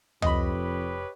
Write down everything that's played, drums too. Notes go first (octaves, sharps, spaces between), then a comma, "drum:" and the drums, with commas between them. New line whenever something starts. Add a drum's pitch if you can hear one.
F1 F2 G4 B4 C#5 D#5 B5, drum: tom